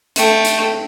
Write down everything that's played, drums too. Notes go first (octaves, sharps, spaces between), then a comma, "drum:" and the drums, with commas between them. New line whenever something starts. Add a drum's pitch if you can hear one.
A3 G5, drum: hi-hat
drum: hi-hat